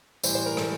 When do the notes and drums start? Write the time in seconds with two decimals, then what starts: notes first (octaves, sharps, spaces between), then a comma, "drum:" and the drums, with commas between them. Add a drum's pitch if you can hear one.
0.23 A2 E3 G3 C5, drum: tambourine
0.35 C5
0.46 A#4
0.57 A4, drum: rim click